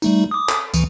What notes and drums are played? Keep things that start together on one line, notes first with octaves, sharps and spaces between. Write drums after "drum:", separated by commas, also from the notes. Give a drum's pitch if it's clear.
G3 A3 D#4, drum: tambourine
D6 D#6
drum: clap
D2 E3, drum: tambourine